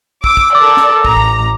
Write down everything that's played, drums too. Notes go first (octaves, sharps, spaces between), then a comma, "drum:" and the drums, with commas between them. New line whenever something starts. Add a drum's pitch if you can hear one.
D6 E6, drum: kick
drum: kick
A4 A#4 D5 D6
drum: snare
A1 A#5, drum: kick
drum: kick